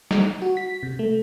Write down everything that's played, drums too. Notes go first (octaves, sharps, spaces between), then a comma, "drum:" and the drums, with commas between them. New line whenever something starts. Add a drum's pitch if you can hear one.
drum: snare
F#4
B6
C3
A3